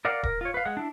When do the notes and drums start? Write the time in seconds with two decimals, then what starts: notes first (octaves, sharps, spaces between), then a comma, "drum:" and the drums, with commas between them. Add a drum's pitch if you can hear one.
0.05 A#4 D5 F5 F#5
0.23 A#4, drum: kick D#1
0.41 F4 C#5
0.54 B4 F5
0.65 G#3 F#5 F#6
0.77 D4 E4